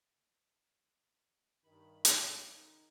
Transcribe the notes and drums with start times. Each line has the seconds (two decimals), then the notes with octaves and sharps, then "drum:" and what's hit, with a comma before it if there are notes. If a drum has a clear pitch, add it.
1.64 G2 D#3 B5
2.05 C#3, drum: hi-hat
2.49 D#3